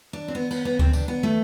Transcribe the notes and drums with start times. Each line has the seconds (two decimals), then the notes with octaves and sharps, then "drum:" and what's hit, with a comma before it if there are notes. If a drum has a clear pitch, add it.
0.13 D4
0.28 C4
0.35 B3
0.51 B3, drum: cymbal
0.65 B3
0.79 C4, drum: kick D2
0.93 D4, drum: tambourine
1.08 B3
1.23 A3